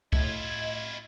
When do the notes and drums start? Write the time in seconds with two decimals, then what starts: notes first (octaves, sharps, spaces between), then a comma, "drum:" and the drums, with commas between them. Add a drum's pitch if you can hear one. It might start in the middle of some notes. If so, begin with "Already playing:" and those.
0.13 A2 E4 F4 D#5 G#6, drum: kick